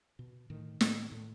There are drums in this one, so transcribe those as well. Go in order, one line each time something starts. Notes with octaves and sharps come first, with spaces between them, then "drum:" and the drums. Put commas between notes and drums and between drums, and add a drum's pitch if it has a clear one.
B2
A2 D#3
A2, drum: snare
A2